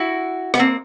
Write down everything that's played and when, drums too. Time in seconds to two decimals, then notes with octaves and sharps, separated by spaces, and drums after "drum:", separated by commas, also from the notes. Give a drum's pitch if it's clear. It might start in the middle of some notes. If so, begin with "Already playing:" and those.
Already playing: E4 F#4
0.54 B3, drum: rim click
0.59 A#3 C4